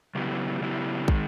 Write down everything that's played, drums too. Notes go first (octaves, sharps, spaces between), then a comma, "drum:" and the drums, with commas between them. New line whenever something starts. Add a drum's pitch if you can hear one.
C#3 F#3 B3 E4 G4
C#3 F#3 B3 E4 G4
D#3 G#3, drum: kick